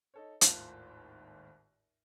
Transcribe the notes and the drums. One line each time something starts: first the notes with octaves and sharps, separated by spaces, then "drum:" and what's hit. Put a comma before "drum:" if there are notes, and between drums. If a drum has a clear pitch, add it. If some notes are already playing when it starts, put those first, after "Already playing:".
D#4 A4 C#5
G#1 D#2 A2 F4 C5 A5, drum: hi-hat